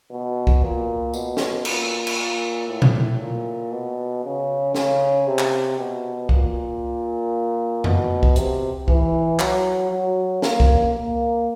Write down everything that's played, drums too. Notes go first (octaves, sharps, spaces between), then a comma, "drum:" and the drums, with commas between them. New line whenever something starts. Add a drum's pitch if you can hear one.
B2
drum: kick C2
A#2
B2, drum: tambourine
drum: snare
A#2, drum: cymbal
drum: cymbal
A#2
A2
drum: tom A#2
A#2
B2
C#3
C#3, drum: snare
C3
drum: clap
B2
A#2, drum: kick C2
B2, drum: tom F2
drum: kick C2
C3, drum: hi-hat
E3, drum: kick C2
F#3, drum: clap
F#3
A#3, drum: snare
drum: kick C2
A#3